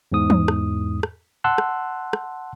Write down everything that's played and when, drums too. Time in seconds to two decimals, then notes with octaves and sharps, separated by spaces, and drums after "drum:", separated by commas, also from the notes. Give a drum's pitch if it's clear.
0.12 E2 G#2 D#6
0.30 drum: tom E3
0.48 drum: rim click
1.03 drum: rim click
1.44 F#5 A5 C6 E6 F#6
1.58 drum: rim click
2.13 drum: rim click